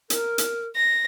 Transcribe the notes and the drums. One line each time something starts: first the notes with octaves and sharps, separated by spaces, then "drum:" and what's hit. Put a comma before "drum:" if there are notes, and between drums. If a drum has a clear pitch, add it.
A#4, drum: hi-hat
drum: hi-hat
A#6